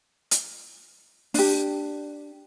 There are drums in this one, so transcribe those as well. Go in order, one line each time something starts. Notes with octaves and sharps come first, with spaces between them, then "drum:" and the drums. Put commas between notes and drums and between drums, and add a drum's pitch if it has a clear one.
drum: hi-hat
D4 G4, drum: open hi-hat